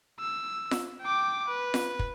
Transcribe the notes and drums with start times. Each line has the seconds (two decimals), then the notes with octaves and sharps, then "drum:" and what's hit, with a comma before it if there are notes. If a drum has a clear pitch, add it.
0.20 E6
0.71 drum: snare F4
1.02 G5 D6
1.48 B4
1.74 drum: snare F4
1.99 drum: kick